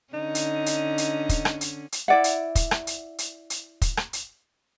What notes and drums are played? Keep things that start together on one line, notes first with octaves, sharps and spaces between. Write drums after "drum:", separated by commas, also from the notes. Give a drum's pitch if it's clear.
D3 C#4 D#4
drum: hi-hat
drum: hi-hat
drum: hi-hat
drum: kick, hi-hat
drum: rim click
drum: hi-hat
drum: hi-hat
E4 D5 F#5
drum: hi-hat
drum: kick, hi-hat
drum: rim click
drum: hi-hat
drum: hi-hat
drum: hi-hat
drum: kick, hi-hat
drum: rim click
drum: hi-hat